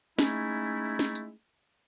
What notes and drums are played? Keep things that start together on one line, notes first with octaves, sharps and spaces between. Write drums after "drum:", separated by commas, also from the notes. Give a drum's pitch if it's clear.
G#3 A3 C#4 D#4 E4, drum: snare
drum: snare
drum: hi-hat